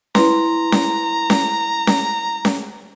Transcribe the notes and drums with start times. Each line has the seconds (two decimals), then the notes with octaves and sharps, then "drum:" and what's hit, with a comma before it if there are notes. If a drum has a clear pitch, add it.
0.15 E4 B4 A#5 C6, drum: snare C#4
0.72 drum: snare C#4
1.30 drum: snare C#4
1.87 drum: snare C#4
2.45 drum: snare C#4